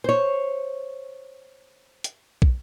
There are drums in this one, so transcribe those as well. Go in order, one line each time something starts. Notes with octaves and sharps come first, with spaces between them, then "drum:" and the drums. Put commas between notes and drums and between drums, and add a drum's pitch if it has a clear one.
C5 C#5
drum: hi-hat
drum: kick